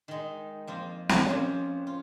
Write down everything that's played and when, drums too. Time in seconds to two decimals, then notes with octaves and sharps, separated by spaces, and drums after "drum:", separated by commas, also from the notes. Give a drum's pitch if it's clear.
0.08 D#3 G#3 D#4
0.67 F2 F3 A#3 F4
1.09 drum: snare
1.27 F2 F3 A#3 C#4 F4
1.87 F4